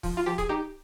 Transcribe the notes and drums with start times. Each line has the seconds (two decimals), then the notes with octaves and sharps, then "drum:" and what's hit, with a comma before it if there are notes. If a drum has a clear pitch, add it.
0.03 F3, drum: kick C#1, open hi-hat
0.17 F4
0.26 F3 G4
0.38 G#4, drum: kick C#1, hi-hat
0.49 D#4 G4